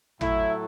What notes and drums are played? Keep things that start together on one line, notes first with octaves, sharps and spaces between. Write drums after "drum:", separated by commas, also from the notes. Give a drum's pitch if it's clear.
A2 F#3 A3 E4, drum: tom